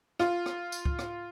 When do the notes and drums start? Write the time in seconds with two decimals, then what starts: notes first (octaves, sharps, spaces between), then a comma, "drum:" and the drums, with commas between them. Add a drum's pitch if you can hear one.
0.19 F4, drum: rim click
0.46 drum: rim click
0.72 drum: tambourine
0.85 drum: kick C#2
0.99 drum: rim click